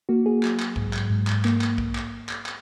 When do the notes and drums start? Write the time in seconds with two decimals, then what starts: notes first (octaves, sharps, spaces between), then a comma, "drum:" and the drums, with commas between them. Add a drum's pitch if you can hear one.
0.09 A#3 F#4
0.26 G#4
0.43 F#3, drum: clap
0.60 drum: clap
0.76 G#2, drum: kick
0.93 drum: clap
1.10 G#2
1.27 drum: clap
1.45 A#3, drum: clap
1.61 drum: clap
1.78 drum: kick
1.95 drum: clap
2.29 drum: clap
2.46 drum: clap